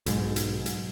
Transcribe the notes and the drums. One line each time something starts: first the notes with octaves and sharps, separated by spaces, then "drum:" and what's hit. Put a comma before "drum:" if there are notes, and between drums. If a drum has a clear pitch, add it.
B1 G#2, drum: hi-hat
drum: hi-hat
drum: hi-hat